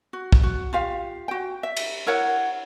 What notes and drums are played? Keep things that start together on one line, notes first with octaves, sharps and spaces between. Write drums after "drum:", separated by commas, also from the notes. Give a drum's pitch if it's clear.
F#4
drum: kick
F#4
F4 G4 F5
F#4 G5
E5
drum: cymbal
E4 A#4 C#5 F#5